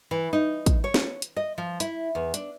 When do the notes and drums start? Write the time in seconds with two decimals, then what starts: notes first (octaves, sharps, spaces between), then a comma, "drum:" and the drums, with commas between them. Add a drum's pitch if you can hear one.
0.11 E3
0.33 D#4
0.66 drum: kick, hi-hat
0.84 C#5
0.94 drum: snare
1.22 drum: hi-hat
1.36 D#5
1.58 F3
1.80 E4, drum: hi-hat
2.15 E2
2.34 D4, drum: hi-hat